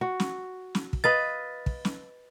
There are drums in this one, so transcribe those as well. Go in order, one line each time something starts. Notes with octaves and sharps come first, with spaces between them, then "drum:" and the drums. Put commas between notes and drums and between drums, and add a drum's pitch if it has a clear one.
F#4
drum: snare
drum: snare
drum: kick
B4 D#5 F5 A6
drum: kick
drum: snare